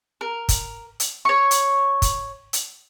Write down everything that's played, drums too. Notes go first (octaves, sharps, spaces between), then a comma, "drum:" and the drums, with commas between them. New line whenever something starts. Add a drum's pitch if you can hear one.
A#4
drum: kick, hi-hat
drum: hi-hat
C#5 C#6
drum: hi-hat
drum: kick, hi-hat
drum: hi-hat